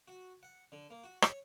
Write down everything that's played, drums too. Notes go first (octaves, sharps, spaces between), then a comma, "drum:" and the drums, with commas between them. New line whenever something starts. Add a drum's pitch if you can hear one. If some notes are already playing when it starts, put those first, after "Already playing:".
F#4
F#5
D3
A#3
F#4
C#5, drum: rim click